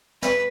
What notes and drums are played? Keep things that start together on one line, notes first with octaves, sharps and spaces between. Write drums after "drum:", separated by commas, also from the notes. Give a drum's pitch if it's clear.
B4, drum: snare